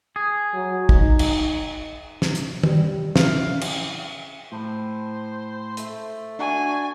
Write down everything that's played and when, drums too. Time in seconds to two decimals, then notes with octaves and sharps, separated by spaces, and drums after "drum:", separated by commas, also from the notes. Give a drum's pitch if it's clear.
0.16 G#4
0.54 F#3
0.89 D#4, drum: kick
1.19 drum: cymbal
2.22 drum: snare
2.35 drum: hi-hat
2.63 G3, drum: tom
3.16 E3 C#4 F5, drum: snare
3.61 drum: cymbal
4.52 A2 C5
5.77 A3, drum: hi-hat
6.39 D4 F#4 G#5